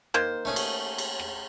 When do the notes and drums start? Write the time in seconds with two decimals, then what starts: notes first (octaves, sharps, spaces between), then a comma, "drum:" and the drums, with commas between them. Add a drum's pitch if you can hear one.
0.14 D#3 A#3 C5, drum: rim click
0.45 A3 C#4 G#4
0.56 drum: cymbal
0.98 drum: cymbal
1.19 drum: rim click